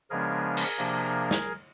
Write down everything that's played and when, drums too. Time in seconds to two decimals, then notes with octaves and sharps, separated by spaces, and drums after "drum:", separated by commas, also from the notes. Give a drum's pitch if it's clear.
0.10 C#3 F3 G#3 B3 D4 G#4 A#4
0.57 drum: cymbal
0.78 C3 F3 A#3 D4
1.31 drum: snare